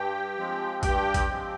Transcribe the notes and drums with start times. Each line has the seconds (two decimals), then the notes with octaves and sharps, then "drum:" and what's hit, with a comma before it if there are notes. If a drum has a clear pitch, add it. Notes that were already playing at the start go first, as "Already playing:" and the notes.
Already playing: G2 G4 G5
0.37 F3 G#3 C4
0.83 G2 G4 G5, drum: kick, hi-hat
1.14 drum: kick, hi-hat
1.29 F3 G#3 C4